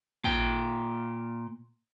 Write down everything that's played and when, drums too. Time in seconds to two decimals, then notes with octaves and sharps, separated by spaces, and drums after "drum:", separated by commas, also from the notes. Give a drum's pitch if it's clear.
0.24 A#2 G5, drum: kick